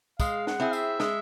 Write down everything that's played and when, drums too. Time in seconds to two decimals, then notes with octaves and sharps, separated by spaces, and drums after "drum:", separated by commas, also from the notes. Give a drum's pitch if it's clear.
0.20 G#3 F5, drum: kick, tambourine
0.47 F#5, drum: snare
0.60 C4 E4 G#4
0.73 E5, drum: tambourine
1.00 G#3, drum: snare